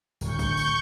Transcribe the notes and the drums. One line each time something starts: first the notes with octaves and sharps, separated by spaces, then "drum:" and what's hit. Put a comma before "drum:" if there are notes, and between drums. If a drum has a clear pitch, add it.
D1 D2 C#6 G6, drum: tambourine
drum: kick A1, tambourine
drum: tambourine